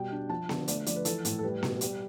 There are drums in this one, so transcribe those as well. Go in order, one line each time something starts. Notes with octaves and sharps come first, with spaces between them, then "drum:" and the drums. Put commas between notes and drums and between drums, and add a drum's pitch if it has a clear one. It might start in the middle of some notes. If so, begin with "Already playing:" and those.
Already playing: B2 G3 G5
D4
F3 A5
D3, drum: snare B3
A3 D5, drum: hi-hat
F3 D5, drum: hi-hat
B4
E3 A4, drum: hi-hat
A2, drum: hi-hat
A4
G3 B4
B2, drum: snare B3
G3, drum: hi-hat